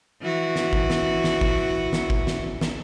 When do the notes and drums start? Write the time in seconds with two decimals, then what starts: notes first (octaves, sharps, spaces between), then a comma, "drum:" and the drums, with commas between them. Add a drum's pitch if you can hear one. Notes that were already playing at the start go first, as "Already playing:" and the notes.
0.21 E3 F#4
0.56 drum: snare
0.73 drum: kick G1
0.90 drum: snare
1.24 drum: snare
1.41 drum: kick G1
1.93 drum: snare
2.10 drum: kick G1
2.27 drum: snare
2.61 drum: snare